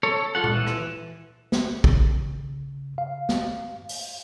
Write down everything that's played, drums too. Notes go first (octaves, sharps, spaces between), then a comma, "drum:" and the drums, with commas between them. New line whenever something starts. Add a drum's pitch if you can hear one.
A4 C#5
F4 A4 F#5
drum: tom A#2
E3
drum: rim click
drum: snare
C#3, drum: kick
F5
drum: snare
drum: open hi-hat